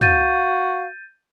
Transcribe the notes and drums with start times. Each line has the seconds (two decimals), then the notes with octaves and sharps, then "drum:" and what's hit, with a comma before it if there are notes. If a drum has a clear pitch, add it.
0.01 F#4 F5 G6 A6 D#7, drum: tom